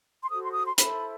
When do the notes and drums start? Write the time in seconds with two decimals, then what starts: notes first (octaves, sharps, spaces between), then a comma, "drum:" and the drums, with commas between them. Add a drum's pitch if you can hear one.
0.23 C6
0.29 F#4 A4 C5 D#6
0.42 C6
0.53 D#6
0.66 C6
0.78 E4 A4 C5 B5, drum: hi-hat